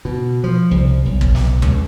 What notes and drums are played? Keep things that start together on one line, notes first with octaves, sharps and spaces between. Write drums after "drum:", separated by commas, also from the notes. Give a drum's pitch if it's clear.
B2
F3
C2
B1
drum: kick
drum: snare
C#2, drum: tom E2